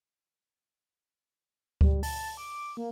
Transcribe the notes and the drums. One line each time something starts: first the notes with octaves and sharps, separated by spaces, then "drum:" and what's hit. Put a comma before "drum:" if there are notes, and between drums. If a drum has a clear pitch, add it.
G3, drum: kick D2
A5, drum: open hi-hat
D6
A#3